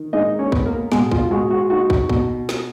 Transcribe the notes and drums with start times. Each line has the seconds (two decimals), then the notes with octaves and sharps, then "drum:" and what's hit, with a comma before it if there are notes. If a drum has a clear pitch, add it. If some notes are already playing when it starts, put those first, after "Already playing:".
Already playing: D#3
0.13 G#3 D#4 D#5
0.39 C#4 C#5
0.52 B3, drum: kick
0.65 A#3 A#4
0.92 B2 G#3 G#4, drum: snare
1.12 F4, drum: kick
1.31 G#3 F#4
1.51 F#4
1.70 D#4 F#4
1.90 drum: kick
2.09 B2, drum: kick
2.49 drum: snare